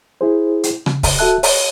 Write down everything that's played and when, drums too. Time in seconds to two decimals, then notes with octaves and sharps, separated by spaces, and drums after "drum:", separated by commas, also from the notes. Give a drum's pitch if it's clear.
0.21 E4 G#4 C5
0.63 drum: hi-hat
0.86 C#3, drum: rim click
1.03 drum: kick C#1, open hi-hat
1.19 F#4 A4 E5 A5 F#6
1.43 C#5, drum: open hi-hat